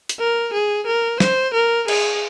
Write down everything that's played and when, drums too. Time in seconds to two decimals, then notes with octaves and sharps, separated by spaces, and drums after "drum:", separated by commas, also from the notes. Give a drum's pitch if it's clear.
0.09 drum: hi-hat
0.20 A#4
0.54 G#4
0.87 A#4
1.20 C5, drum: snare
1.54 A#4
1.88 G#4, drum: cymbal